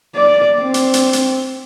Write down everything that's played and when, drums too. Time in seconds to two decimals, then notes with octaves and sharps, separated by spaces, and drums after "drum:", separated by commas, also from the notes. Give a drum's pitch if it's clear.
0.16 D5
0.61 C4
0.74 drum: hi-hat
0.94 drum: hi-hat
1.13 drum: hi-hat